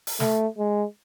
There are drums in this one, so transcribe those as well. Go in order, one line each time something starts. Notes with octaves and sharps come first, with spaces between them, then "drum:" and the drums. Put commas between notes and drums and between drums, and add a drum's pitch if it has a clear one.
drum: open hi-hat
A3, drum: snare
G#3